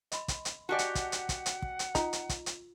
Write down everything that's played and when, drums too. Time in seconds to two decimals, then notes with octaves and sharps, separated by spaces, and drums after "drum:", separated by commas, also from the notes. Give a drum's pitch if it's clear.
0.12 D#5 B5 C6, drum: hi-hat
0.28 drum: kick, hi-hat
0.45 drum: hi-hat
0.69 F#4 G4 D5 D#5 F#5 G#5 A5
0.79 drum: hi-hat
0.95 drum: kick, hi-hat
1.12 drum: hi-hat
1.29 drum: kick, hi-hat
1.46 drum: hi-hat
1.62 drum: kick
1.79 drum: hi-hat
1.95 D#4 F4, drum: kick, hi-hat
2.13 drum: hi-hat
2.29 drum: kick, hi-hat
2.46 drum: hi-hat